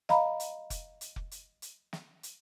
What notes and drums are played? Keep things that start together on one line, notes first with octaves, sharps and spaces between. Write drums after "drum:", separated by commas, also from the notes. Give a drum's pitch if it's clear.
D#5 F5 A#5 B5, drum: snare
drum: hi-hat
drum: kick F1, hi-hat
drum: hi-hat
drum: kick F1
drum: hi-hat
drum: hi-hat
drum: snare
drum: hi-hat